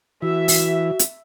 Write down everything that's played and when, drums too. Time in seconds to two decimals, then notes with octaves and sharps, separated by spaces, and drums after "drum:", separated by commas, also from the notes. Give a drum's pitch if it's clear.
0.22 E3 F#4 E5
0.48 drum: open hi-hat
0.99 drum: hi-hat